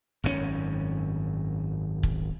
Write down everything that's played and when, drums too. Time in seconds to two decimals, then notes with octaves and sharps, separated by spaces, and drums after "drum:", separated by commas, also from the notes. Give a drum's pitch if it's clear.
0.24 G#1 F#2 A2 C#4
2.03 drum: kick